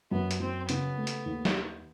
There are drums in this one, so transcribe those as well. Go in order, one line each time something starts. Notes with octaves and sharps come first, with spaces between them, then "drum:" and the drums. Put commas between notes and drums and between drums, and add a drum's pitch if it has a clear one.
F#2 B3
drum: hi-hat
F#3 C4
C#3 B3, drum: hi-hat
A3
drum: hi-hat
D#2
drum: snare